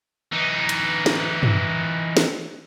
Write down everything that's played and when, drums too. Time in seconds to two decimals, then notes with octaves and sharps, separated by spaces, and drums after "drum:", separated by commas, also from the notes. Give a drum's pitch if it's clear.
0.32 E3 D#4
0.69 drum: hi-hat
1.06 drum: snare
1.43 drum: tom
2.17 drum: snare